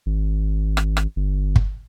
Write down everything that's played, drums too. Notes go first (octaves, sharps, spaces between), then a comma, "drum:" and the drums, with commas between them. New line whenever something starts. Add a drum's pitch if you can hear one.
G#1
drum: rim click
drum: rim click
G1
drum: kick